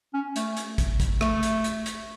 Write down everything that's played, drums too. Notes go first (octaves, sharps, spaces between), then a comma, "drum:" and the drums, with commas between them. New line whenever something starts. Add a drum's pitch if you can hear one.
C#4
A3, drum: hi-hat
drum: hi-hat
drum: kick, hi-hat
drum: kick, hi-hat
A3, drum: rim click
drum: hi-hat
drum: hi-hat
drum: hi-hat